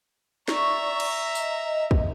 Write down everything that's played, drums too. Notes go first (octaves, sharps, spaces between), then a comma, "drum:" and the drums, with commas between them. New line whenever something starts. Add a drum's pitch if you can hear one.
D5 E5 A#5 C#6, drum: snare
drum: cymbal
D#5, drum: tambourine
drum: kick